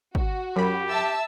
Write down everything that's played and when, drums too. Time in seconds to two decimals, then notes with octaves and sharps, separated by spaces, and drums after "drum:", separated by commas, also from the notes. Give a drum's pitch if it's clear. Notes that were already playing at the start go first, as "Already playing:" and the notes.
0.15 F#4, drum: kick
0.56 F#2 G4 B5
0.91 E5 A5 E6